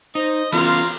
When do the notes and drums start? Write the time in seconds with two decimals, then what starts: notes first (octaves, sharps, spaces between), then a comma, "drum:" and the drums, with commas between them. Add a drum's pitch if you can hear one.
0.15 D#4 C5 D#5
0.52 E3 B3 C#4 F4 F5 A#5 C6, drum: cymbal